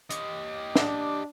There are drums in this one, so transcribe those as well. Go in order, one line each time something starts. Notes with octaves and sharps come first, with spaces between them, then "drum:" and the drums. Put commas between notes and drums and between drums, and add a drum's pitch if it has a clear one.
G4 D#5, drum: hi-hat
D4, drum: snare